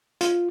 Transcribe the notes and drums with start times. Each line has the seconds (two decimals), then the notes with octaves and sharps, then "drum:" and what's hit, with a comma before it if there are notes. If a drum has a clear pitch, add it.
0.21 F4, drum: hi-hat